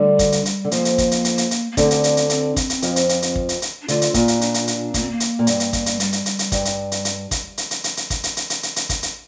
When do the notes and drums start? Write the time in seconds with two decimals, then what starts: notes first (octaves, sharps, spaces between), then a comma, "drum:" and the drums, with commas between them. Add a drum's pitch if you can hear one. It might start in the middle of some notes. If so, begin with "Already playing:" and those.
Already playing: D2 D3 G3
0.19 drum: kick, hi-hat
0.32 drum: hi-hat
0.45 drum: hi-hat
0.65 D3
0.71 F2 F3 A#3, drum: hi-hat
0.85 drum: hi-hat
0.98 drum: kick, hi-hat
1.11 drum: hi-hat
1.25 drum: hi-hat
1.38 drum: hi-hat
1.51 drum: hi-hat
1.72 A#3
1.77 D2 D3 C4, drum: kick, hi-hat
1.90 drum: hi-hat
2.04 drum: hi-hat
2.17 drum: hi-hat
2.29 C4, drum: hi-hat
2.56 drum: kick, hi-hat
2.70 drum: hi-hat
2.82 F2 F3, drum: hi-hat
2.96 drum: hi-hat
3.09 drum: hi-hat
3.22 drum: hi-hat
3.36 drum: kick
3.49 drum: hi-hat
3.62 drum: hi-hat
3.82 D4
3.88 D2 D3 F4, drum: hi-hat
4.01 drum: hi-hat
4.14 A#2, drum: kick, hi-hat
4.28 drum: hi-hat
4.41 D4, drum: hi-hat
4.54 drum: hi-hat
4.67 drum: hi-hat
4.94 A#3, drum: kick, hi-hat
5.03 C4
5.11 A#3
5.20 drum: hi-hat
5.39 A#2
5.47 G2, drum: hi-hat
5.60 drum: hi-hat
5.73 drum: kick, hi-hat
5.86 drum: hi-hat
6.00 G3, drum: hi-hat
6.12 drum: hi-hat
6.26 drum: hi-hat
6.39 drum: hi-hat
6.52 G2, drum: kick, hi-hat
6.65 drum: hi-hat
6.92 drum: hi-hat
7.05 drum: hi-hat
7.31 drum: kick, hi-hat
7.58 drum: hi-hat
7.71 drum: hi-hat
7.84 drum: hi-hat
7.97 drum: hi-hat
8.10 drum: kick, hi-hat
8.23 drum: hi-hat
8.37 drum: hi-hat
8.50 drum: hi-hat
8.63 drum: hi-hat
8.76 drum: hi-hat
8.89 drum: kick, hi-hat
9.03 drum: hi-hat